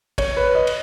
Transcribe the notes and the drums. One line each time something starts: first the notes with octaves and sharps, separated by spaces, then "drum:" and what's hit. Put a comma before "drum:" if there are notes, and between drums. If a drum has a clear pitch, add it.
C#5, drum: kick G#1, cymbal
B4
D#5
drum: cymbal